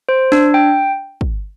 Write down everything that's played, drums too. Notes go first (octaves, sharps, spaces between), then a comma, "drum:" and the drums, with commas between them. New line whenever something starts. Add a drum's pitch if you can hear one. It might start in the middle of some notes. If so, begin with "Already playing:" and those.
C5
D4, drum: snare
G5
drum: kick